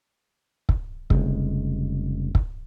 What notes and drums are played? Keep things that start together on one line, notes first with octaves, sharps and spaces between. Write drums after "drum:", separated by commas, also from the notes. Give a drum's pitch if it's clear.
drum: kick
F1 C#3 G3 G#3, drum: kick
drum: kick